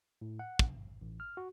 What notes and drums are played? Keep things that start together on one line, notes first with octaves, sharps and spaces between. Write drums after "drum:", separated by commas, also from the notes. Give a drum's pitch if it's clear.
A2
F#5
drum: kick
G#1
A1
F6
F#4